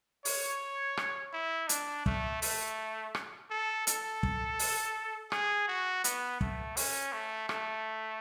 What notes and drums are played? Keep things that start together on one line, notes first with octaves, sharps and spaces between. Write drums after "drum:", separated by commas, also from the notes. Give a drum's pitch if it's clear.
C#5, drum: open hi-hat
drum: rim click
E4
D4, drum: hi-hat
A3, drum: kick
A3, drum: open hi-hat
drum: rim click
A4
A4, drum: hi-hat
drum: kick
drum: open hi-hat
G#4, drum: rim click
F#4
B3, drum: hi-hat
A3, drum: kick
C#4, drum: open hi-hat
A3
A3, drum: rim click